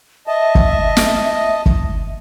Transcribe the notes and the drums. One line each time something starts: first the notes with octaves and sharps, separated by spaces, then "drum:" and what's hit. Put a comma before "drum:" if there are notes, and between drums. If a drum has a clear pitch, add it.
D#5 E5 A5
drum: kick
drum: snare
drum: kick